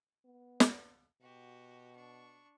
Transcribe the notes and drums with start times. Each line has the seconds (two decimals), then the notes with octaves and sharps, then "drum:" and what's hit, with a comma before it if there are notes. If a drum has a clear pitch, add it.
0.25 B3
0.60 drum: snare
1.21 B2 F#4 G4
1.95 D4 C#6